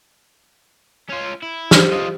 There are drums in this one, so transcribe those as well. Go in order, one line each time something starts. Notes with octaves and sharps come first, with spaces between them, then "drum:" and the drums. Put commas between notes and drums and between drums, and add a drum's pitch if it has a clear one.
C#4 F4
E4
G4 C5 F6, drum: snare
F4 D#5